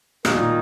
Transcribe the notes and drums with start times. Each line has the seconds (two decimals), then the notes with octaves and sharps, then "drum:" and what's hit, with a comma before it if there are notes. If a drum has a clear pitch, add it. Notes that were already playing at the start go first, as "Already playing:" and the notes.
0.25 B2 D#3 A#3 D#4, drum: rim click
0.35 A#2